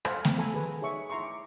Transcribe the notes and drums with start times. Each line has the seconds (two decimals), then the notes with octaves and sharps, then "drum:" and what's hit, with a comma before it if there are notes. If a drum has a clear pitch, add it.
0.05 A4 C5 F5 F#5, drum: rim click
0.25 drum: snare A3
0.38 A4 G#5 A#5 B5
0.54 G#4 B4
0.81 D#4 G#4 C#5 E5 C#6
1.10 E4 E5 A#5 C6 C#6
1.22 D6